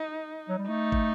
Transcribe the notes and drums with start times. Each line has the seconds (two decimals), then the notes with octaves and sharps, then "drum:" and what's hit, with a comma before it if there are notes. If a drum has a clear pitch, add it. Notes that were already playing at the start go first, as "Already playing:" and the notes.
Already playing: D#4
0.49 F#3
0.58 G3
0.68 A3 D#4
0.92 drum: kick